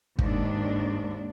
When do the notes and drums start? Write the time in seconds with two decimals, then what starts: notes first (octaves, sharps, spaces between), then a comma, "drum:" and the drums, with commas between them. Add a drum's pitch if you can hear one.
0.19 D#2 G#2 D4, drum: kick